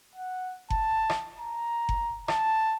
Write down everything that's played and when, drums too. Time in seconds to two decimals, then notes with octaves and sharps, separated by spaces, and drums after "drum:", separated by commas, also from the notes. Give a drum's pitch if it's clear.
0.15 F#5
0.70 A5, drum: kick F#1
1.10 drum: rim click
1.39 A#5
1.89 drum: kick F#1
2.28 A5, drum: rim click